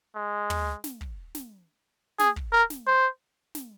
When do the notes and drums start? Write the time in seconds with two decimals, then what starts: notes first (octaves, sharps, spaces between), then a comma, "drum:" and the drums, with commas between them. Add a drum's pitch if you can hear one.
0.16 G#3
0.50 drum: tom
0.84 drum: snare
1.01 drum: kick
1.35 drum: snare
2.19 G#4, drum: snare
2.36 drum: kick
2.53 A#4
2.70 drum: snare
2.87 C5
3.55 drum: snare